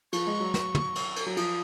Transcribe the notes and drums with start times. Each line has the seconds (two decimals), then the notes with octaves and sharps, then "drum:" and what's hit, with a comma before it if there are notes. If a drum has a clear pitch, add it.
0.13 F3 C#6, drum: cymbal
0.27 G#3
0.40 F#3
0.54 drum: snare
0.75 drum: tom
0.95 drum: cymbal
1.16 drum: cymbal
1.26 F#3
1.37 F3 D#6, drum: cymbal